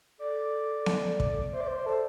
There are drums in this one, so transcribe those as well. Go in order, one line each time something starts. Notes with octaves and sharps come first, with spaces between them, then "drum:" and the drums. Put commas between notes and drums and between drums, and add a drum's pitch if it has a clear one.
A4 D5
drum: snare B3
drum: kick
C5 E5
D5
C5
A4 D5